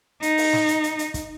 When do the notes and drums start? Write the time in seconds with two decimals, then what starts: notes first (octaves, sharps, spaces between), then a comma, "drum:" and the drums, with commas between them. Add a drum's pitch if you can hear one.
0.22 D#4, drum: hi-hat
0.38 drum: open hi-hat
0.53 drum: snare
0.68 drum: hi-hat
0.84 drum: hi-hat
0.99 drum: hi-hat
1.14 drum: kick, hi-hat